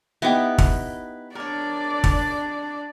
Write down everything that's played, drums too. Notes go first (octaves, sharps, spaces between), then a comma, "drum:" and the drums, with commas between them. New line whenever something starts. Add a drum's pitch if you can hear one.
B3 D#4 E4 G4 B4
drum: kick
D4 A#4 C#5 D5
drum: kick